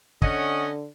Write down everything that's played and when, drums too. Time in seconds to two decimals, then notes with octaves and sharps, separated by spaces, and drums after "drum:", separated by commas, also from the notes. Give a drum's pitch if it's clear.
0.22 D3 C#4 D#5 F#5, drum: kick